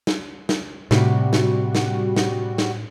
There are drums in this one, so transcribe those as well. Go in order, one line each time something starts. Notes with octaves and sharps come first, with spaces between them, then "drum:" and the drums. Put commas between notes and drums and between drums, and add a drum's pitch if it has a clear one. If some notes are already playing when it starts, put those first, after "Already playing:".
drum: snare
drum: snare
A2 C3 G3 F#4, drum: snare
drum: snare
drum: snare
drum: snare
drum: snare